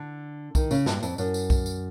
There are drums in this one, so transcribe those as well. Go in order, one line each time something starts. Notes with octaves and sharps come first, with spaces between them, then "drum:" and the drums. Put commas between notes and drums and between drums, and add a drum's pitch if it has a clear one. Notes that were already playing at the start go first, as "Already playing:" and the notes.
Already playing: D3
D#3, drum: kick B1, tambourine
C#3, drum: tambourine
G2, drum: snare
F2, drum: tambourine
F#2, drum: tambourine
drum: tambourine
drum: kick B1, tambourine
drum: tambourine